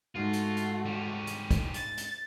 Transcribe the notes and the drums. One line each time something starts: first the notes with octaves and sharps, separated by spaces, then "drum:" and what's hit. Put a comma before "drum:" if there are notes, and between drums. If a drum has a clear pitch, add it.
G#2 A3 F4 F#4
drum: hi-hat
drum: hi-hat
G3 C#4
drum: hi-hat
drum: kick, hi-hat
A6, drum: hi-hat
drum: hi-hat